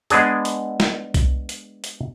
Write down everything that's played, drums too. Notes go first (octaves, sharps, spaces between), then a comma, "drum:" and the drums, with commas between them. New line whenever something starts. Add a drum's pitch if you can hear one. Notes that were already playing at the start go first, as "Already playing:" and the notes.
G#3 B3 D4 G#4, drum: hi-hat
drum: hi-hat
drum: snare
drum: kick C2, hi-hat
drum: hi-hat
drum: hi-hat